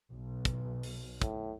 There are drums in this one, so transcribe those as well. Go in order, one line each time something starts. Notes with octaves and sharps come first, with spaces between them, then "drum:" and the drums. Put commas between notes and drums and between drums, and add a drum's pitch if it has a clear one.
B1
drum: kick, hi-hat
drum: open hi-hat
A2, drum: kick, hi-hat